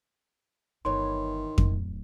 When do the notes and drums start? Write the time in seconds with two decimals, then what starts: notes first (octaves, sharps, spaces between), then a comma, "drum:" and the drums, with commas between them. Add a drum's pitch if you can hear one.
0.85 G1 D#3 E3 C#5 C6
1.58 D1, drum: kick F2